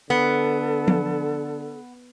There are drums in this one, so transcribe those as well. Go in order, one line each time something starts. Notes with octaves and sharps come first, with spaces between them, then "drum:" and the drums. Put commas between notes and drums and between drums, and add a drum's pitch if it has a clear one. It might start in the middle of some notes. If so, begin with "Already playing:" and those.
D3 B3 A4
drum: tom F3